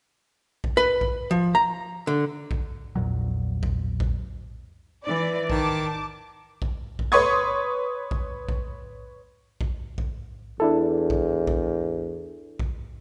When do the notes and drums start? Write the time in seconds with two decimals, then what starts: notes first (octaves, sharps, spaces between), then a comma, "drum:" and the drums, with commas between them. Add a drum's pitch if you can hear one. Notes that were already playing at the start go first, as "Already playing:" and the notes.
0.64 drum: kick A#1
0.77 B4
1.01 drum: kick A#1
1.31 F3
1.55 A#5
2.07 D3
2.51 drum: kick A#1
2.96 A#1 E2 A#2 F#3
3.63 drum: kick A#1
4.00 drum: kick A#1
5.04 E3 D5
5.50 D#3 A5 D6, drum: kick A#1
6.62 drum: kick A#1
6.99 drum: kick A#1
7.12 B4 C#5 C6 C#6 D#6 G#6
8.11 drum: kick A#1
8.49 drum: kick A#1
9.61 drum: kick A#1
9.98 drum: kick A#1
10.60 E2 D4 E4 A4
11.10 drum: kick A#1
11.47 drum: kick A#1
12.60 drum: kick A#1